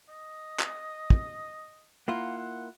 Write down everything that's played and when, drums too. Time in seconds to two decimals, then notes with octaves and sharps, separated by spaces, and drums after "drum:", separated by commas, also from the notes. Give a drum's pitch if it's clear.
0.09 D#5
0.60 drum: clap
1.10 drum: kick
2.08 A#3 E4 F4 F#5
2.38 F#5